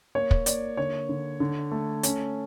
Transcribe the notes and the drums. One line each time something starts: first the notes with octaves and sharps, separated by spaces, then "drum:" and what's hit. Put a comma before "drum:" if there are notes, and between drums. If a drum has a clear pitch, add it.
A#3 C#5
drum: kick
A#3 D5, drum: hi-hat
D3 C#5
D3
D3
A3
C#4, drum: hi-hat